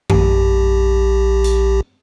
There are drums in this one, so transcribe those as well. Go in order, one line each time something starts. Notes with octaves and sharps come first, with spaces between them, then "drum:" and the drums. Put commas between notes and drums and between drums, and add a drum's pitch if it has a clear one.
A#1 G4, drum: tom F#2
drum: hi-hat